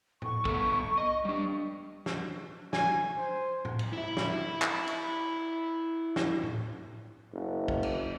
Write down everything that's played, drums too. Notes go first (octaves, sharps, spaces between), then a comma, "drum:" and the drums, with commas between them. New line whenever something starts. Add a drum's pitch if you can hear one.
C#6, drum: tom A2
B3 A4, drum: kick
D#5
G3 D4
drum: snare
G#5, drum: snare
C5
drum: tom A2
drum: cymbal
E4 E5
drum: snare
drum: clap
drum: cymbal
drum: snare
drum: tom A2
F#1
drum: kick
drum: cymbal